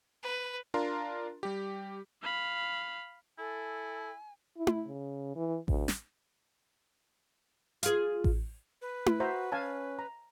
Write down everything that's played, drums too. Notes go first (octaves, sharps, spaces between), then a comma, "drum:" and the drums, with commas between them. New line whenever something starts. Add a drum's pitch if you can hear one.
B4
D4 F4 A#4 A#5 C6
G3 G4
F5 B5
E4 A4 G#5
E4
drum: tom E4
C#3
E3
D2, drum: kick A1
drum: snare
F4 G#4, drum: hi-hat
drum: kick A1
B4
drum: tom E4
F#4 C5 E5 A#5
C#4 F5 G#5 A5
A#5